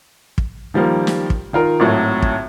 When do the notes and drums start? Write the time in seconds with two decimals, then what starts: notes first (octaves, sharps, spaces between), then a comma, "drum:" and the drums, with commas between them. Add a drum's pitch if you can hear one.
0.38 drum: kick
0.74 D#3 F3 G3 A#3
1.07 drum: snare
1.30 drum: kick
1.53 D#3 F4 A#4
1.80 G#1 A2 F#3
2.22 drum: kick